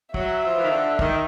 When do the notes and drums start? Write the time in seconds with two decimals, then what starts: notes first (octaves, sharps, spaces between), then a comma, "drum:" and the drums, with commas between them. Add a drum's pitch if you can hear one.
0.14 F#3 E5, drum: kick
0.43 F3
0.57 E3
0.63 D#3
0.71 D3
0.99 D#3, drum: kick